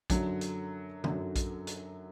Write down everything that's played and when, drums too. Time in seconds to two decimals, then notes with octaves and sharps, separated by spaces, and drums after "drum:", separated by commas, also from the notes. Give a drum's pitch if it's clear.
0.10 F#2 D3 F#3, drum: kick A#1, hi-hat
0.41 drum: hi-hat
1.04 F#2 D3 F#3, drum: tom D3
1.36 drum: kick A#1, hi-hat
1.67 drum: hi-hat